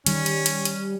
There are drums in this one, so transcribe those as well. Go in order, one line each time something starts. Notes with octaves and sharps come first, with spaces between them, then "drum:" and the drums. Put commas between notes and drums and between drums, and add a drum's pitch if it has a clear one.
D#3 G3 C#4, drum: hi-hat
drum: hi-hat
drum: hi-hat
drum: hi-hat